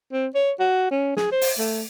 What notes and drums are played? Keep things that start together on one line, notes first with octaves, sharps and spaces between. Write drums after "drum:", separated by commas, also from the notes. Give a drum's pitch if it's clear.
C4
C#5
F#4
C#4
G#4, drum: snare
C5
drum: open hi-hat
A3